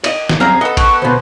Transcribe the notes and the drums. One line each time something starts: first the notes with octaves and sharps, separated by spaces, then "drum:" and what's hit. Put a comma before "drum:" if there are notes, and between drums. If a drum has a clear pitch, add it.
D5 D#5, drum: cymbal
drum: snare
F#2 G3 C4 G#4 F5 A#5
B3 A4 D#5
A5 C#6 F#6, drum: kick G#1, cymbal
D2 B2 B4 C5